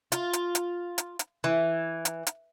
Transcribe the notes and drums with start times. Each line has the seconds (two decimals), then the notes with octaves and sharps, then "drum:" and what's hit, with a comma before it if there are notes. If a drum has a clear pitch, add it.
0.12 F4, drum: hi-hat
0.33 drum: hi-hat
0.55 drum: hi-hat
0.98 drum: hi-hat
1.19 drum: hi-hat
1.44 E3
2.05 drum: hi-hat
2.27 drum: hi-hat